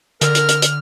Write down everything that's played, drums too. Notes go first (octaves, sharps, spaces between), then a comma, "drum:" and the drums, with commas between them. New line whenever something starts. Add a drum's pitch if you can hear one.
D3 A#4 F6, drum: hi-hat
drum: hi-hat
drum: hi-hat
drum: hi-hat